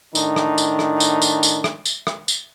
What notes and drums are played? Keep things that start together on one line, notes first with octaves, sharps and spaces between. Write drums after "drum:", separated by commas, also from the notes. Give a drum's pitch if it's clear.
A2 D#3 D4 D#4, drum: tambourine
drum: rim click
drum: tambourine
drum: rim click
drum: tambourine
drum: tambourine
drum: tambourine
drum: rim click
drum: tambourine
drum: rim click
drum: tambourine